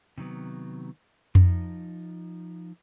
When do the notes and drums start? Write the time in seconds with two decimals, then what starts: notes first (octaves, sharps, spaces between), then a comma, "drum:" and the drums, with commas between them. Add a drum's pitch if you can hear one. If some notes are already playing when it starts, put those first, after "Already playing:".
0.18 C3 D#3 F#3 B3
1.35 F3 D#4, drum: tom F2